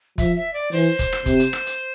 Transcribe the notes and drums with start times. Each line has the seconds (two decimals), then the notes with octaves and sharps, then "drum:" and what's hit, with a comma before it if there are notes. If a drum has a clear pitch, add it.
0.18 F3 E5, drum: kick F1, hi-hat
0.36 E5
0.54 D5
0.72 E3 C5, drum: open hi-hat
0.99 drum: kick F1, hi-hat
1.13 drum: rim click
1.26 C3, drum: kick F1, hi-hat
1.39 drum: hi-hat
1.53 drum: rim click
1.66 drum: hi-hat